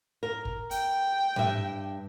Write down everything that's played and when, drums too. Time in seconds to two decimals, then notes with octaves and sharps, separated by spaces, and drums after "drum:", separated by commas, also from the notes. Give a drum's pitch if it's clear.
0.23 A#4
0.45 drum: kick
0.71 G5, drum: hi-hat
1.36 G2 E5, drum: tom G#2